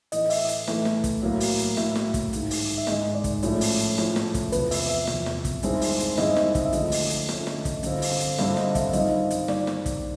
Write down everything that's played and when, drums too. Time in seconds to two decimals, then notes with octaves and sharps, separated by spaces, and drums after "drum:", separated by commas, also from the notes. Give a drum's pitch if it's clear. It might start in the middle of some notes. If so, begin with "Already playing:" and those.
0.12 A2 E3 A3 D#5, drum: hi-hat
0.30 E5, drum: open hi-hat
0.48 drum: hi-hat
0.67 A2 E3 A3, drum: snare
0.85 drum: snare
1.04 drum: kick, hi-hat
1.22 A2 F#3 A#3
1.40 drum: open hi-hat
1.59 drum: hi-hat
1.77 A2 F#3 A#3 E5, drum: snare
1.95 drum: snare
2.14 drum: kick, hi-hat
2.33 G#2 D#3 G#3, drum: hi-hat
2.51 drum: open hi-hat
2.78 E5
2.87 G#2 D#3 G#3 D#5, drum: snare
3.15 D5
3.24 drum: kick, hi-hat
3.43 A2 F3 A3 C#4 C#5, drum: hi-hat
3.61 drum: open hi-hat
3.79 drum: hi-hat
3.98 A2 F3 A3 C#4, drum: snare
4.16 drum: snare
4.34 drum: kick, hi-hat
4.52 E2 C3 F3 B4, drum: hi-hat
4.71 E5, drum: open hi-hat
4.89 E5
5.07 E2 C3 F3, drum: snare
5.26 drum: snare
5.45 drum: kick, hi-hat
5.63 G2 D#3 G#3 C4 E4, drum: hi-hat
5.81 drum: open hi-hat
6.00 drum: hi-hat
6.18 G2 D#3 G#3 C4 E4 D#5, drum: snare
6.36 drum: snare
6.55 drum: kick, hi-hat
6.65 E5
6.73 D3 F3 A3 C#4 D#5, drum: hi-hat
6.92 drum: open hi-hat
7.10 drum: hi-hat
7.29 D3 F3 A3 C#4, drum: snare
7.47 drum: snare
7.65 drum: kick, hi-hat
7.83 G2 D3 G3 C4 F4, drum: hi-hat
8.02 drum: open hi-hat
8.20 drum: hi-hat
8.38 G2 D3 G3 C4 F4 E5, drum: snare
8.57 D#5, drum: snare
8.75 E5, drum: kick, hi-hat
8.93 G2 D#3 G3 C4 F4 D#5, drum: hi-hat
9.30 drum: hi-hat
9.48 G2 D#3 G3 C4 F4 D5, drum: snare
9.67 drum: snare
9.86 drum: kick, hi-hat